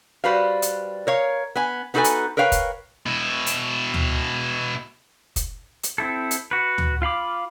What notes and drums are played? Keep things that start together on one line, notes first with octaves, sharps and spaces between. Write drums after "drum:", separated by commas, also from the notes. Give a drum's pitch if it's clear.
G3 F#4 B4 C5 F5
drum: hi-hat
A#4 C#5 F5
B3 G#5
B3 D#4 F#4 A4 B4 G#5
drum: hi-hat
A#4 B4 C#5 F5 G5
drum: kick, hi-hat
B2 E4
drum: hi-hat
drum: tom D2
drum: kick, hi-hat
drum: hi-hat
C4 E4 A4
drum: hi-hat
F#4 B4
drum: tom D2
F4 F5 B5 D6